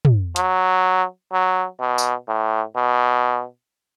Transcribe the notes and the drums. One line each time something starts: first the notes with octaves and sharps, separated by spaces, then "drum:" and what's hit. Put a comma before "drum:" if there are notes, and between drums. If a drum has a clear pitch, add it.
drum: tom
F#3, drum: hi-hat
F#3
B2
drum: tambourine
A2
B2